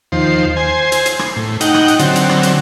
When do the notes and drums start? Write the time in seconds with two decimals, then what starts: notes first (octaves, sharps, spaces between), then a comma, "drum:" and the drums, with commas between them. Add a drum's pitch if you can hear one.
0.12 D#2 F3 C5
0.57 C5 G#5
0.92 drum: hi-hat
1.06 drum: hi-hat
1.19 drum: rim click
1.36 A2
1.61 D#4 F#5 G5, drum: hi-hat
1.74 drum: rim click
1.88 drum: hi-hat
1.99 D3 F#3 C4, drum: hi-hat
2.16 drum: hi-hat
2.29 drum: rim click
2.43 drum: hi-hat